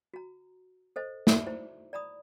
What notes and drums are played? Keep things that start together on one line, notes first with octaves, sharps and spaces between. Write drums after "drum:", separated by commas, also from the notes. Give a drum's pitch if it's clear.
F#4 A#5
A4 C5 D#5
D#4 F#4 D5 E5 B5, drum: snare
E4 C5 A#5
D5 A#5 B5 D#6